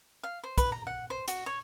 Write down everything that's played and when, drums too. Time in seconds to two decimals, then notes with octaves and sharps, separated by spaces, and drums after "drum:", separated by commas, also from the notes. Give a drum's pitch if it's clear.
0.23 F5
0.44 C5
0.58 B4, drum: kick, hi-hat
0.72 A#5
0.87 F#5
1.10 C5
1.28 F#4, drum: hi-hat
1.46 C#5